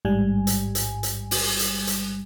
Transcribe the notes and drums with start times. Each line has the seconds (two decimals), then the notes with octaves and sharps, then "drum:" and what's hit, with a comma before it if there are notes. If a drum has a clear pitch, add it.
0.05 A1 G#2 G3 G#5
0.47 drum: hi-hat
0.75 drum: hi-hat
1.03 drum: hi-hat
1.31 drum: open hi-hat
1.59 drum: hi-hat
1.87 drum: hi-hat